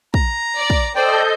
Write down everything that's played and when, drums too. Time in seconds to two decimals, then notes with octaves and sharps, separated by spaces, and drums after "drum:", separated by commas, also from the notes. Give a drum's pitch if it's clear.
0.14 A#5, drum: kick
0.57 D5
0.70 drum: kick
0.96 A4 C5 D5 D#5 G5 G6